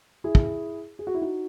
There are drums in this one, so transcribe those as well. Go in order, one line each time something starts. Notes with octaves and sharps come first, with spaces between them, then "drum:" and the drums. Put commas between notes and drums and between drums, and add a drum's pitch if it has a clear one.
E4 G#4
drum: kick
G#4
F#4
E4
D#4 F#4